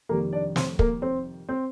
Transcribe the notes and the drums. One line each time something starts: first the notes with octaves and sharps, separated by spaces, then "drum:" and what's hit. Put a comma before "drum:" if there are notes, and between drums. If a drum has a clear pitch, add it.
F2 C3 D#3 G3 A#3 A#4
D4 D5
C4 C5, drum: snare
A#3 A#4, drum: kick
C4 C5
C4 C5